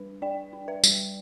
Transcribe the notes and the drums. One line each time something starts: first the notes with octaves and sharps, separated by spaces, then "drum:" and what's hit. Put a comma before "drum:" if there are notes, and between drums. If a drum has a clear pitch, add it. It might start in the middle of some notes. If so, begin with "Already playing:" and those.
Already playing: G3 D4 B4
D4 D5 G5
D4
B4 E5
G3, drum: tambourine